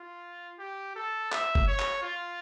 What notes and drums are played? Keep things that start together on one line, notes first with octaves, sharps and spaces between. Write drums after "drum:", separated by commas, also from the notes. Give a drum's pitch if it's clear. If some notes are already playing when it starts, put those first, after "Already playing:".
Already playing: F4
G4
A4
E5, drum: clap
drum: kick
C#5
drum: clap
F4